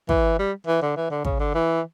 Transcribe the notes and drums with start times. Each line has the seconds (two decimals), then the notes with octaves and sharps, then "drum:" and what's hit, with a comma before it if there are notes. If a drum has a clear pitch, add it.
0.09 E3, drum: kick
0.39 G3
0.67 E3
0.82 D3
0.96 E3
1.10 D3
1.25 C#3, drum: kick
1.40 D3
1.55 E3